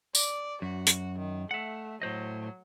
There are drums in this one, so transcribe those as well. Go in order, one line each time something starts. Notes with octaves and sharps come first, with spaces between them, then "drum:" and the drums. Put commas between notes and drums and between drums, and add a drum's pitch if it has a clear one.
D5, drum: tambourine
F#2 F#4
drum: hi-hat
D#3
A3 E5 F#5
A2 F#3 C5 D#5